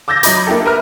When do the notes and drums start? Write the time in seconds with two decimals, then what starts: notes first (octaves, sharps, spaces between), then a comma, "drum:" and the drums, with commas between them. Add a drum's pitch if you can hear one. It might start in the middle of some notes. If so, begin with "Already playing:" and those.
0.08 D6 E6 G6 A6 A#6
0.23 F#3 D#5 B5 D6, drum: hi-hat
0.47 A#3 D4 E4 G4 A4
0.65 A#4 B4 E5 A#5 F6